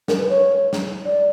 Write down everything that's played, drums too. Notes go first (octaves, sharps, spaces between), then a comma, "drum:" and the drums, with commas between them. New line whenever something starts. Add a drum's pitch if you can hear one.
A#4, drum: snare
B4
C#5
drum: snare
D5